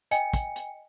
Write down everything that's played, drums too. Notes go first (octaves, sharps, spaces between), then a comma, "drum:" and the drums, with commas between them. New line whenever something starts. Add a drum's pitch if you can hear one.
D#5 G5 G#5 C#7, drum: hi-hat
drum: kick, hi-hat
drum: hi-hat